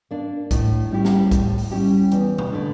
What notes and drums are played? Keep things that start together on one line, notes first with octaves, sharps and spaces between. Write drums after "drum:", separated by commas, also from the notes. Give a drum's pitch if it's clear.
A#3 D4
A2, drum: kick, hi-hat
G3 C#4 E4 G4
drum: snare
A2, drum: kick, hi-hat
drum: open hi-hat
G3 C#4 E4 G4
E2, drum: hi-hat
drum: tom B2
D3 A3 D4